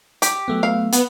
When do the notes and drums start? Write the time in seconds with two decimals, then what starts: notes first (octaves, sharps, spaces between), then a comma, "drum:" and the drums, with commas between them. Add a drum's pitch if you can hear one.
0.22 G4, drum: hi-hat
0.48 F#3 A3 B3
0.63 E4 F5
0.92 B3, drum: hi-hat